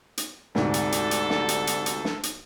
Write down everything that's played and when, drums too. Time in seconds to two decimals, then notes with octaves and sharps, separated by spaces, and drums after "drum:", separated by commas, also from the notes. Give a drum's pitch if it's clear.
0.18 drum: hi-hat
0.55 D2 G#2 C3 A4 D5, drum: snare
0.74 drum: hi-hat
0.92 drum: hi-hat
1.11 drum: hi-hat
1.30 drum: snare
1.49 drum: hi-hat
1.67 drum: hi-hat
1.86 drum: hi-hat
2.05 drum: snare
2.23 drum: hi-hat